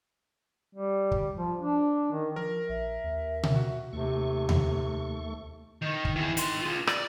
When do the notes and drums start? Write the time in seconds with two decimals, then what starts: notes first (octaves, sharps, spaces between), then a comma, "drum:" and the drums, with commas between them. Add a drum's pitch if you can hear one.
0.75 G3
1.12 drum: kick
1.36 F3
1.60 D4
2.12 D#3
2.36 F3 A#4
2.69 A#1 E5
3.04 D#2
3.43 drum: tom B2
3.56 F#4
3.93 D#2 C3 A3 C#6
4.49 drum: tom D#2
5.82 D#3
6.05 drum: kick
6.16 E3 G#4
6.37 D#3 C6, drum: hi-hat
6.61 F4 G#4
6.87 D5, drum: rim click